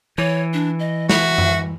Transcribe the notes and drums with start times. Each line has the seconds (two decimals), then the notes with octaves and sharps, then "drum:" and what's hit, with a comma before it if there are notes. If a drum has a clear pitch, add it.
0.18 E3 C#5
0.53 D4
0.79 D#5
1.09 F#4 E5, drum: snare
1.38 drum: tom F#2